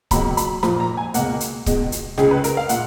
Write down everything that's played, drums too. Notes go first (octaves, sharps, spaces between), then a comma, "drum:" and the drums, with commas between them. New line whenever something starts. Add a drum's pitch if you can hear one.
C#2 B2 F#3 A#3 B5, drum: kick C#1, hi-hat
B5, drum: hi-hat
A#2 F3 A#3 B5, drum: snare
A#5
G#5
C#2 B2 A#3 F#5, drum: hi-hat
drum: hi-hat
C#2 B2 G#3, drum: kick C#1, hi-hat
drum: hi-hat
C#2 C#3 G#3 G#4, drum: snare
B4
A#4, drum: hi-hat
F5
A#2 F#5, drum: hi-hat